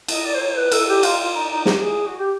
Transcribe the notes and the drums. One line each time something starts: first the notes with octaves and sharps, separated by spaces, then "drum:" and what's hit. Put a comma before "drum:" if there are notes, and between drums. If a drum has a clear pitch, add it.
D#5, drum: cymbal
D5
C5
C#5
C5
B4
A4, drum: cymbal
G4
F4, drum: cymbal
F4
D#4
D#4
G4, drum: snare
G#4
F#4
G4